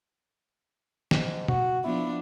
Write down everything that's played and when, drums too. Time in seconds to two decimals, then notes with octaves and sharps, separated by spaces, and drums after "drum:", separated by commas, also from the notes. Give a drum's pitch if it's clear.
1.11 G#2, drum: snare
1.48 F#4, drum: tom
1.84 F3 B3 D4 E4